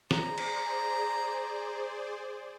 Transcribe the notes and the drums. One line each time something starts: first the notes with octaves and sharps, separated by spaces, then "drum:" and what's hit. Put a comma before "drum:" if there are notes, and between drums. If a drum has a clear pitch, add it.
G#4 C5 D5 A#5, drum: snare
drum: cymbal